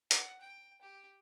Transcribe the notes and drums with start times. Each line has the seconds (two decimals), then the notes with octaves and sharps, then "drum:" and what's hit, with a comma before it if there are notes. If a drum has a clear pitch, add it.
0.11 F#5, drum: hi-hat
0.41 G5
0.82 G4